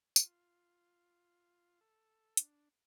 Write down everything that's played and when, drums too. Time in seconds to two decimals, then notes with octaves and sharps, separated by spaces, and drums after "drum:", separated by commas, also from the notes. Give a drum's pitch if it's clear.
0.16 F4, drum: tambourine
1.81 A4
2.37 D4, drum: hi-hat